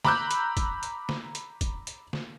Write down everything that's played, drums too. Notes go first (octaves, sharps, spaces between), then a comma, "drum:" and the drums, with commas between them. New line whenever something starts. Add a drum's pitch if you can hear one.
A#5 B5 D6 E6 F#6 G6, drum: snare
drum: hi-hat
drum: kick, hi-hat
drum: hi-hat
drum: snare
drum: hi-hat
drum: kick, hi-hat
drum: hi-hat
drum: snare